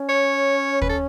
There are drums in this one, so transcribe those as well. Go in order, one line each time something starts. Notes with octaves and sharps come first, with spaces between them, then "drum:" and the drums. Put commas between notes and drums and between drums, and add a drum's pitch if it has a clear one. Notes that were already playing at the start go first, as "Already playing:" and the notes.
Already playing: C#4
C#5
B4, drum: kick
A4